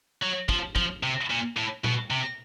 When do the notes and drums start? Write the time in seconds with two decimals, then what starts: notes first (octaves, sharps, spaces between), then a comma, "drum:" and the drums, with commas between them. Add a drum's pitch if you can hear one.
0.22 F#3
0.49 F3, drum: kick
0.76 F3, drum: kick
1.03 C3
1.30 A#2
1.57 A2
1.84 B2, drum: tom A#2
2.10 C3